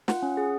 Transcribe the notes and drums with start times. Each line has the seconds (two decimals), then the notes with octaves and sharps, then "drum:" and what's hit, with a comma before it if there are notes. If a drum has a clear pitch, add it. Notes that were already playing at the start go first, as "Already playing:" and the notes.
0.08 F4 F#5, drum: snare
0.23 C#4
0.37 G#4